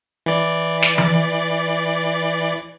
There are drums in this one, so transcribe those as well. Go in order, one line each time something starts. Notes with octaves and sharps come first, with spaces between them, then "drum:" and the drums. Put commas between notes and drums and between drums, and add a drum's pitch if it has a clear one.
E3 D5
drum: snare
drum: tom E3